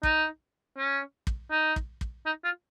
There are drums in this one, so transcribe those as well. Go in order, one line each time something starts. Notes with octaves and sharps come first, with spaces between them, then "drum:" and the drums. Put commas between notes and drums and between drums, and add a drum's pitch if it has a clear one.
D#4, drum: kick
C#4
drum: kick
D#4
drum: kick
drum: kick
D#4
F4